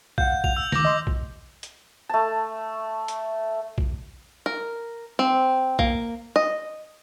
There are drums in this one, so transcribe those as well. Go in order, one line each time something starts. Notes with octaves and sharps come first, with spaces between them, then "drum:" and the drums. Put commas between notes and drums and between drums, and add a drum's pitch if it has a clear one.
F5 F#5 G6, drum: kick
F7, drum: kick
E6
D2 D#3 D6 A#6, drum: snare
D#5 C6
drum: kick
drum: hi-hat
A3 A5
drum: hi-hat
drum: kick
A#4
C4
A#3, drum: kick
D#5